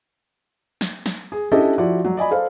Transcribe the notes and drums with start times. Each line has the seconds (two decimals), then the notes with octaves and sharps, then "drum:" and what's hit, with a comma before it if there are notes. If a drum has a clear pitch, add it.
0.81 drum: snare
1.06 drum: snare
1.32 G#4
1.52 C#4 D4 E4 G4 A4 D#5
1.78 F3 E4 F#4 D5
2.05 F#3, drum: tom F#3
2.17 D5 D#5 G#5 B5
2.31 A4 C5 F5